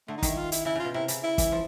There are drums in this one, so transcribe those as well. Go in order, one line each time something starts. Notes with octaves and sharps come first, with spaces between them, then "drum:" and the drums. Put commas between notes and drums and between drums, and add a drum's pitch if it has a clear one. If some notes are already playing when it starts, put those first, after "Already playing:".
D3 A3
D#4
D#3, drum: kick, hi-hat
E4
F4
E4, drum: hi-hat
C#3 E4
C#3 F4
B2
C3 E4
C#3, drum: hi-hat
E4
E3, drum: kick, hi-hat
F3